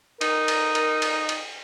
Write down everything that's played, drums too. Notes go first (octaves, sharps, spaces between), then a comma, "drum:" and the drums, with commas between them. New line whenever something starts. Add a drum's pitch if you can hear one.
D#4 A#4, drum: cymbal
drum: cymbal
drum: cymbal
drum: cymbal
drum: cymbal